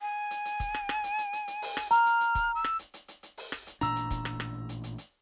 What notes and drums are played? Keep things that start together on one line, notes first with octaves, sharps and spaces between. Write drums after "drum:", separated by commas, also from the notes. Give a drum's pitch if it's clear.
G#5
drum: hi-hat
drum: hi-hat
drum: kick, hi-hat
drum: rim click
drum: rim click
drum: hi-hat
drum: hi-hat
drum: hi-hat
drum: hi-hat
drum: open hi-hat
drum: rim click
A#5 F6, drum: hi-hat
drum: hi-hat
drum: hi-hat
drum: kick, hi-hat
E6
drum: rim click
drum: hi-hat
drum: hi-hat
drum: hi-hat
drum: hi-hat
drum: open hi-hat
drum: rim click
drum: hi-hat
A1 A#2 D4 A#5 E6, drum: hi-hat
drum: hi-hat
drum: kick, hi-hat
drum: rim click
drum: rim click
drum: hi-hat
drum: hi-hat
drum: hi-hat